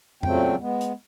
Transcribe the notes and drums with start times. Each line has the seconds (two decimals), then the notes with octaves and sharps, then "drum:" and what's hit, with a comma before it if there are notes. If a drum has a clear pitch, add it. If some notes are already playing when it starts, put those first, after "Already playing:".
0.23 A#2 C#3 F#3 A3 C4 G5, drum: tom F2
0.60 G#3 B3
0.81 drum: hi-hat